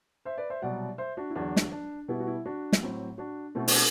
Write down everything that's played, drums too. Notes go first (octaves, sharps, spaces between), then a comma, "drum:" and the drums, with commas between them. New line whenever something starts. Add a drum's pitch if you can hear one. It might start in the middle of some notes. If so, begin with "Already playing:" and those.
C5 E5
B4 D5
C5 E5
C2 B2 F#3 D5 F#5
C5 E5
D4 F#4
E4
E2 D3 F#3 D4
drum: snare
D4
B2 G3 B3 E4
F#4
E4
D4 F#4
drum: snare
A2 F#3 C4
D4 F#4
B2 A3 C4 E4
D4 F#4, drum: open hi-hat